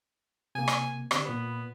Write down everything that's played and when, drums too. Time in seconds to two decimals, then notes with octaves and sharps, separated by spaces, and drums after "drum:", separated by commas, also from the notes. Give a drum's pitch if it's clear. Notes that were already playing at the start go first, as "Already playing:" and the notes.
0.55 C3 A#3 G#5
0.68 drum: rim click
1.11 D3 C4 D4 G4, drum: rim click
1.25 A#2 B3 B5